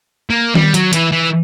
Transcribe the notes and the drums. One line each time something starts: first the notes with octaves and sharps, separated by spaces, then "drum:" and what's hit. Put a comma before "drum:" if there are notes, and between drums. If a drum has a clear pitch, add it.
A#3
G3, drum: tom D#3
F#3, drum: hi-hat
E3, drum: hi-hat
E3